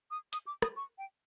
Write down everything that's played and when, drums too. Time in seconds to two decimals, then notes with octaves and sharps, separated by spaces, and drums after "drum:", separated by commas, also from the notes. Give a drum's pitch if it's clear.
0.11 D#6
0.33 D#6, drum: hi-hat
0.47 D6
0.62 D#6, drum: rim click
0.76 C#6
0.98 G5